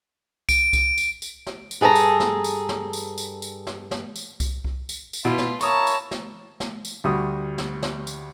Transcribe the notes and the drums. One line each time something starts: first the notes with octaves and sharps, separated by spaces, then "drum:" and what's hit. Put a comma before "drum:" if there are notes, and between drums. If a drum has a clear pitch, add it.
D7, drum: kick C2, tambourine
drum: kick C2, tambourine
drum: tambourine
drum: tambourine
drum: snare
drum: tambourine
G2 G#4 A4 B4 A#5
drum: tambourine
drum: snare
drum: tambourine
drum: snare
drum: tambourine
drum: tambourine
drum: tambourine
drum: snare
drum: snare
drum: tambourine
drum: kick C2, tambourine
drum: kick C2
drum: tambourine
drum: tambourine
B2 E4 F4 B4
drum: snare
A#3 E4 C#5 A5 A#5 C#6 D#6, drum: tambourine
drum: tambourine
drum: snare
drum: snare
drum: tambourine
D2 G3 F#4 D#6
drum: snare
drum: snare
drum: tambourine